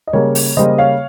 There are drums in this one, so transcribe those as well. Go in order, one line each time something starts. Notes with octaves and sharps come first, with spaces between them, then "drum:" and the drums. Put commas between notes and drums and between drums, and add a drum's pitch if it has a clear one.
D#5
C#3 G3 A#3 A#4 C#5
drum: open hi-hat
C#3 G3 A#3 C5 D#5
C#5 F5